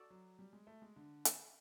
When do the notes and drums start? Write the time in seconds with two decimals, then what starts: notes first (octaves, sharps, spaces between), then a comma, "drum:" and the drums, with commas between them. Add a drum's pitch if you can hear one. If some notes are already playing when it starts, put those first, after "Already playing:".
Already playing: F#4 A4 D5
0.10 F#3
0.39 G3
0.53 G#3
0.67 A3
0.82 G#3
0.96 D3
1.25 drum: hi-hat